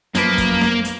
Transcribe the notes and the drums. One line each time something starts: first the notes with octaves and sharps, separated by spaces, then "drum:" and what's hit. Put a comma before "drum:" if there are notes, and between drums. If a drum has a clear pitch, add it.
F#2 F3 A#3 B4, drum: hi-hat
drum: kick, hi-hat
drum: snare
drum: hi-hat